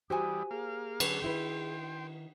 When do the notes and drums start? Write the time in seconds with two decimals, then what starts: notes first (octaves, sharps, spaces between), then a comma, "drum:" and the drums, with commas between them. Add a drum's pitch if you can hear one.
0.10 E3 G3 F#4 G4 C5 G#5 D#6
0.51 A#3 G#4 F5
1.00 D3 F#3 C#4 B4, drum: cymbal
1.22 D#3 E4 B4 G5 C6